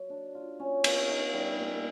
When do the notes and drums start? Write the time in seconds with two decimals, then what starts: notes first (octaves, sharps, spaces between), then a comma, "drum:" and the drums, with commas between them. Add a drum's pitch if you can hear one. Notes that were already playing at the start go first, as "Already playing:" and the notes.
Already playing: F#3
0.10 D4
0.35 F4
0.60 C#4
0.84 B3, drum: cymbal
1.09 D#4
1.34 G3
1.59 A#2